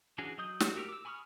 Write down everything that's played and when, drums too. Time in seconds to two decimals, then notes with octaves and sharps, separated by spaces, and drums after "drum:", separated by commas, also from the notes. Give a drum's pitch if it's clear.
0.18 E3 C#4 D4 F#4 G#4
0.38 F#3 D#5 D#6 G6
0.60 F#4, drum: snare
0.76 F#4 G4 A#4 E6
0.89 D6 E6
1.05 G#5 B5 C#6 D#6 F6